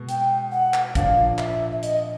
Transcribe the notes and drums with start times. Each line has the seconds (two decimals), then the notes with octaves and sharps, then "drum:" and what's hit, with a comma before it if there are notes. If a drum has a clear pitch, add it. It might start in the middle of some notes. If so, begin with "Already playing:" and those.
Already playing: B2 G#3 B3
0.09 G5, drum: hi-hat
0.52 F#5
0.74 drum: clap
0.95 A#2 F3 A#3 D4 F5, drum: kick, hi-hat
1.38 E5, drum: clap
1.71 E5
1.83 D#5, drum: hi-hat